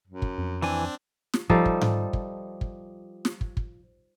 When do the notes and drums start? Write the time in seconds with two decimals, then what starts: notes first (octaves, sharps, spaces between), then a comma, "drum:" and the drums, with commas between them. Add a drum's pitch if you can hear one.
0.07 F#2
0.22 drum: kick
0.38 F2
0.62 E3 C4 D4 G#5
1.34 drum: snare
1.50 F3 G3 D#4 A4, drum: kick
1.65 drum: kick
1.81 drum: tom G#2
2.13 drum: kick
2.61 drum: kick
3.25 drum: snare
3.41 drum: kick
3.57 drum: kick